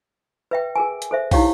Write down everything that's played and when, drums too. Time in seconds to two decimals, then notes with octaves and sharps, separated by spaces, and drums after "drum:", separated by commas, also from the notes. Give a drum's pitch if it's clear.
0.51 B4 E5 G5
0.76 G#4 A#4 G#5
1.02 drum: hi-hat
1.11 A4 C5 E5
1.31 D#4 E4 G4 C#5 F5 G5, drum: kick, open hi-hat